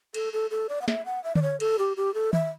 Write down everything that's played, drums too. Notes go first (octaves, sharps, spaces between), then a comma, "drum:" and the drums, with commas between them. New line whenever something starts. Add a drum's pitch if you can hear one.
A4, drum: cymbal
A4
A4
D5
F#5
E5, drum: snare
F#5
E5
D5, drum: tom D3
C#5
A4, drum: cymbal
G4
G4
A4
E5, drum: tom D#3